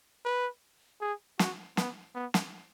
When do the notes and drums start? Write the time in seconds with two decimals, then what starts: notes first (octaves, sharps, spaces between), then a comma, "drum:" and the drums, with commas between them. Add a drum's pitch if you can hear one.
0.25 B4
1.01 G#4
1.39 F#4, drum: snare
1.77 B3, drum: snare
2.15 B3
2.34 drum: snare